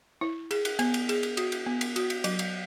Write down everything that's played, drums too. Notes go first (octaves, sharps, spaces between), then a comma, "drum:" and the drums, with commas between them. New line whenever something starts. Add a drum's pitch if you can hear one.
E4
G#4, drum: cymbal
drum: cymbal
B3, drum: cymbal
drum: cymbal
G#4, drum: cymbal
drum: cymbal
F#4, drum: cymbal
drum: cymbal
B3
drum: cymbal
F#4, drum: cymbal
drum: cymbal
F#3, drum: cymbal
drum: cymbal